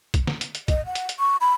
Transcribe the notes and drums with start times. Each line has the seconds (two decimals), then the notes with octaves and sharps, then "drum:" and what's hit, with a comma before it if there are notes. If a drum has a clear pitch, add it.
0.14 drum: kick, hi-hat
0.27 drum: snare
0.41 drum: hi-hat
0.55 drum: hi-hat
0.68 D#5, drum: kick, hi-hat
0.86 F#5
0.95 drum: hi-hat
1.09 drum: hi-hat
1.19 C#6
1.41 B5